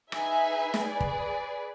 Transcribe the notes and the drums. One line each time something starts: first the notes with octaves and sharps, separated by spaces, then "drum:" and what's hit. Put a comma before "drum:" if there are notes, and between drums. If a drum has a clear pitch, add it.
D#4 G#4 B4 E5 G#5, drum: rim click
drum: snare
G#4 B4 D5
drum: kick